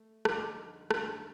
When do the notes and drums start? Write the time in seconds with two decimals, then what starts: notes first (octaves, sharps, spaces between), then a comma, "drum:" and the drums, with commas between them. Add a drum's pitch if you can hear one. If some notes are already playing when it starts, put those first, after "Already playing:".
Already playing: A3
0.25 F2 D3 G3 A#3 D#4 D6 F6, drum: rim click
0.91 G2 D#3 A#3 F6 A6, drum: rim click
1.11 A5